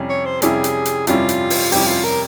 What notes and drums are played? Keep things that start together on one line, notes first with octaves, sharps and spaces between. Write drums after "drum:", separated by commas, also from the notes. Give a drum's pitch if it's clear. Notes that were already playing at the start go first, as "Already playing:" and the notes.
Already playing: F2 C3 G3 C#4 E4
C#5
C5
F2 C3 G3 C#4 E4 G#4, drum: hi-hat
drum: hi-hat
drum: hi-hat
F2 C3 G3 C#4 E4 F4, drum: hi-hat
drum: hi-hat
drum: open hi-hat
F2 C3 G3 C#4 E4 G4, drum: open hi-hat
F4
A#4